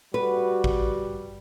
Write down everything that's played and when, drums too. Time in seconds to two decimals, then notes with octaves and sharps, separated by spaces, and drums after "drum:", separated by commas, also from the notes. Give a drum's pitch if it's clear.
0.14 G3 F#4 B4
0.64 drum: kick